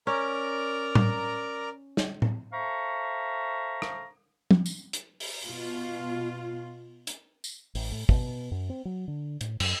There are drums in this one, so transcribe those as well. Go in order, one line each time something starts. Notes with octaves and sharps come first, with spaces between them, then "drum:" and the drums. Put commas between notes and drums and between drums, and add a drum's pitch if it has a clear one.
C#4 A#4 D5 A#5
drum: tom A2
drum: snare
drum: tom A2
A4 C5 E5 F5 A#5 C#6
drum: rim click
drum: tom
drum: tambourine
drum: hi-hat
drum: open hi-hat
B2 F4
drum: hi-hat
drum: tambourine
A1, drum: open hi-hat
A2
B2, drum: kick
F#2
C4
F#3
D3
A2, drum: hi-hat
F#2, drum: cymbal